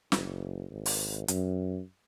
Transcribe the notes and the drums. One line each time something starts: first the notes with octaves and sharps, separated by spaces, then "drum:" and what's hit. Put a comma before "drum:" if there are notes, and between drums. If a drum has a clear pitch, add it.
F#1, drum: snare
G#1
drum: open hi-hat
F#2, drum: hi-hat